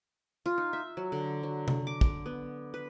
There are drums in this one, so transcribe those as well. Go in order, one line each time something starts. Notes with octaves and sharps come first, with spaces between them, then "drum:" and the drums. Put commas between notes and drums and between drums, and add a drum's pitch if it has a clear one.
F4
D#4
E5
F#3
D3
F#3
drum: tom C3
D6
drum: kick
B3
B4